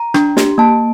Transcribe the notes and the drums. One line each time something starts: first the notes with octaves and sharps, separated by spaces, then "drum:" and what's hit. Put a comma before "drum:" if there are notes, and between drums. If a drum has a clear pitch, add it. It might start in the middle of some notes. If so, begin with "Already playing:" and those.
Already playing: A#5
D4, drum: rim click
G4, drum: snare
A#3 A5